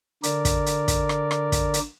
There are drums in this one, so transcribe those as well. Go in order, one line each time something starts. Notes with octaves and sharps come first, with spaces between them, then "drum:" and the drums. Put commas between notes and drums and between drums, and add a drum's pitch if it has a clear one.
D3 A#4 D5, drum: hi-hat
drum: kick, hi-hat
drum: hi-hat
drum: kick, hi-hat
drum: rim click
drum: rim click
drum: kick, hi-hat
drum: hi-hat